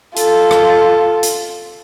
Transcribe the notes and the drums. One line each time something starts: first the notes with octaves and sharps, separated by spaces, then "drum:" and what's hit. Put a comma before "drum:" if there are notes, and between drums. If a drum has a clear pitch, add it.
F4 A4, drum: hi-hat
drum: rim click
drum: hi-hat